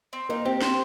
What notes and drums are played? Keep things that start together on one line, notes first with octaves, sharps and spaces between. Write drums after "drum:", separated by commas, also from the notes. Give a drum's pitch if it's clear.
C4
A#3 D#4
C4 G4
C4 C5, drum: snare